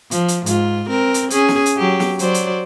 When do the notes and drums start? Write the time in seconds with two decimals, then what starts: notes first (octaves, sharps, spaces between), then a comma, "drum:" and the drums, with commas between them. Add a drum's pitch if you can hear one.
0.11 F3, drum: hi-hat
0.28 drum: hi-hat
0.46 G#2 F4, drum: hi-hat
0.89 C4 A#4
1.14 drum: hi-hat
1.30 C#4 G#4, drum: hi-hat
1.48 drum: snare
1.66 drum: hi-hat
1.77 F#3 G4
2.00 drum: snare
2.19 F#3 C5 D5, drum: hi-hat
2.34 drum: hi-hat